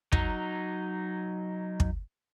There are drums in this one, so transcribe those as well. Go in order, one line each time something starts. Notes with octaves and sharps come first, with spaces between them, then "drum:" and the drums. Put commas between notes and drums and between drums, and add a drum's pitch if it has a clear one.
F#3 D#4, drum: kick
drum: kick